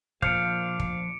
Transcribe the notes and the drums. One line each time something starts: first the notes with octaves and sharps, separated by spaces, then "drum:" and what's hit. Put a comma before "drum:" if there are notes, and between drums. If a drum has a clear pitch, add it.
A#2 F3 D4 C5 F5 D6 C#7 D7, drum: kick
drum: kick